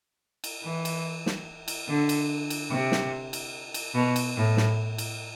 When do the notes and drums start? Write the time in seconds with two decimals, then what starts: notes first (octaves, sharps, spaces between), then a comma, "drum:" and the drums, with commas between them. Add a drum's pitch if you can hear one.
0.44 drum: cymbal
0.64 E3
0.85 drum: cymbal
1.26 drum: snare
1.68 drum: cymbal
1.88 D3
2.09 drum: cymbal
2.50 drum: cymbal
2.70 C3
2.92 drum: snare
3.33 drum: cymbal
3.74 drum: cymbal
3.94 B2
4.16 drum: cymbal
4.37 A2
4.57 drum: snare
4.98 drum: cymbal